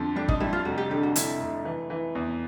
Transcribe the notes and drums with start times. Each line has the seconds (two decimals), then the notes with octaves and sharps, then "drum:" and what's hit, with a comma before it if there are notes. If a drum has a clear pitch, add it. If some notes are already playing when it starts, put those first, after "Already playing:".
Already playing: F2 D3
0.16 G3 D4
0.28 D#4, drum: kick
0.40 G3 E4
0.53 F4
0.65 F1 F#4
0.78 G4
0.91 D3 G4
1.03 F#4
1.16 D3 E4, drum: hi-hat
1.40 F1
1.65 E3
1.90 E3
2.15 E2